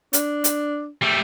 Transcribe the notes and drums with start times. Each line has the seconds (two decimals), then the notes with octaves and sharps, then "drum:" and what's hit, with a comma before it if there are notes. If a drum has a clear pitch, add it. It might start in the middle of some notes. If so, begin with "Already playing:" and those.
0.13 D4, drum: hi-hat
0.44 drum: hi-hat
1.02 G3 A3